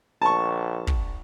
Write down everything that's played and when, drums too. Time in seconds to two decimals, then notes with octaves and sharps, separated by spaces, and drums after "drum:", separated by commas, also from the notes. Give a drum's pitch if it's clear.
0.22 A#1 A5 C#6
0.87 drum: kick